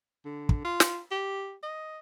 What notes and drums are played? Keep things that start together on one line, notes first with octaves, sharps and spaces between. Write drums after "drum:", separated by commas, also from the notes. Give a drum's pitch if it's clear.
D3
drum: kick
F4
drum: snare
G4
D#5